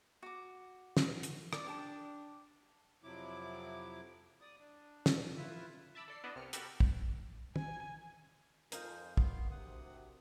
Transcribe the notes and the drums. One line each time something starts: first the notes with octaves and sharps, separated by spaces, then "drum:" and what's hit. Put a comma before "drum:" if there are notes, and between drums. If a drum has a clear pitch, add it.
F#4 D6
drum: snare
drum: hi-hat
D5, drum: rim click
D4 G4 A5 D6
F2 C3 F3 F#3 E4 D6
D5 D#6
D4
drum: snare
E4 F4 B4 E5
E5 A5 B5 D6 E6
A4 D5 C7
B3 D4 E4 D5 D#5
C2 C3 F6 C#7
F#4 G4 A4 A#4 B5, drum: hi-hat
drum: kick
G#5, drum: tom
F2 D#4 A#4 C5 F5 G#5, drum: hi-hat
B3 C6, drum: kick
D2 C3 F#5 D#6